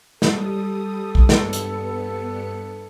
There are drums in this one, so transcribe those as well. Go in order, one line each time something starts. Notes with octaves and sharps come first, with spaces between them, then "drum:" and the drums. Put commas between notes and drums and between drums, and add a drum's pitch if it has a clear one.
G3 A4 D#6, drum: snare
drum: kick
G2 B3 C#7, drum: snare
drum: hi-hat